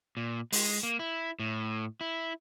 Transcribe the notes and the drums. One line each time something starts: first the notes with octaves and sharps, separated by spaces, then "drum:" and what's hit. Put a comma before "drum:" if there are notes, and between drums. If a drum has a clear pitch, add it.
A#2
G#3, drum: open hi-hat
A#3
E4
A2
E4